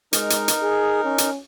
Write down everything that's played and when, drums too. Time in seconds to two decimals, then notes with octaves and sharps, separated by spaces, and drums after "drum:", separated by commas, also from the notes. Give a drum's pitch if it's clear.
0.13 G#3 D#4 A#4, drum: hi-hat
0.30 drum: hi-hat
0.48 drum: hi-hat
0.62 G#4
1.05 C#4
1.18 drum: hi-hat